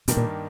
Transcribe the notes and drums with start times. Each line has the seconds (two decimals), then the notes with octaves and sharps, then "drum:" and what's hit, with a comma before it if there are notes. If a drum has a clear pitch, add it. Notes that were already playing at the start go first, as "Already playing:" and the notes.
0.08 G2 B2 D#3 G3 A#3, drum: hi-hat
0.17 A#2